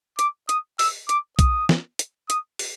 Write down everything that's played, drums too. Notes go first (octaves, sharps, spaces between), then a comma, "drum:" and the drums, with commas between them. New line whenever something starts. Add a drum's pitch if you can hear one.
D6, drum: hi-hat
D#6, drum: hi-hat
E6, drum: open hi-hat
D6, drum: hi-hat
D#6, drum: kick, hi-hat
drum: snare
drum: hi-hat
D#6, drum: hi-hat
drum: open hi-hat